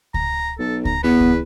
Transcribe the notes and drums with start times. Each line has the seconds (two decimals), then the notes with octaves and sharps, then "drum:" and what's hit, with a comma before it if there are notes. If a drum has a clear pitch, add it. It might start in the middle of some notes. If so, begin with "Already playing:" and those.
0.14 A#5, drum: kick C#2
0.59 B1 A4
0.85 A#5, drum: kick C#2
1.03 E2 B3 B4
1.20 drum: kick C#2